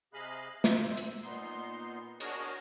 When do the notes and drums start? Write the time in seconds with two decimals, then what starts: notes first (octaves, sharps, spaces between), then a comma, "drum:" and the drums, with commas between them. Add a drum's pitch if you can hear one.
0.13 C3 G#4 D#5 F5 B5 F#6
0.64 C5 E5, drum: snare
0.97 drum: hi-hat
1.23 A#2 B3 D#4 C6
2.20 D4 F#4 G#4 A#4 C#5 D#5, drum: cymbal